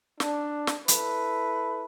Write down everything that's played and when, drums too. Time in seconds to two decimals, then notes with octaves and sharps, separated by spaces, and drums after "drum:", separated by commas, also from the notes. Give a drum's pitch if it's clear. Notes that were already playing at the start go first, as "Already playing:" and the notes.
0.20 D4, drum: snare
0.67 drum: snare
0.88 E4 A4 B4, drum: hi-hat